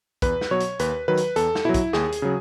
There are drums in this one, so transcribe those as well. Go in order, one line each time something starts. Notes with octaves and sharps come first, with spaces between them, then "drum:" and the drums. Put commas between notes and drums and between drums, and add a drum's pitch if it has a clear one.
E2 B4, drum: kick, hi-hat
drum: snare
B2 F#3 C#5
drum: hi-hat
D#2 B4, drum: hi-hat
D#3 F#3 B4
drum: hi-hat
E2 A4, drum: hi-hat
drum: snare
B2 F#3 E4
drum: kick, hi-hat
D#2 G#4, drum: snare
drum: hi-hat
C#3 F#3